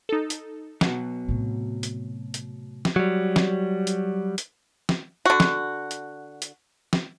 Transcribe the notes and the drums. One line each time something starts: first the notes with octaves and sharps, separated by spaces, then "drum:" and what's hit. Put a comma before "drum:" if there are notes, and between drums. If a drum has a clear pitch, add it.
D#4 A4
drum: hi-hat
B2 F#3, drum: snare
A2 C3
drum: hi-hat
drum: hi-hat
drum: snare
F#3 G3
drum: snare
drum: hi-hat
drum: hi-hat
drum: snare
D3 F#4
drum: snare
drum: hi-hat
drum: hi-hat
drum: snare